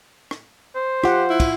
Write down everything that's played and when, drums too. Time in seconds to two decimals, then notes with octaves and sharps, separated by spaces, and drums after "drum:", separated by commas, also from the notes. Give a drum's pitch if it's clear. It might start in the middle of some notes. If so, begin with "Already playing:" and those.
0.31 drum: rim click
0.76 C5
1.04 F4 G4 F#5, drum: rim click
1.30 E4
1.40 drum: kick, cymbal